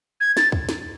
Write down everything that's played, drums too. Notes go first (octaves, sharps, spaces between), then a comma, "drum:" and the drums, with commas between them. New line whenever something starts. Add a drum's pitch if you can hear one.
G#6
A6, drum: snare
drum: kick
drum: snare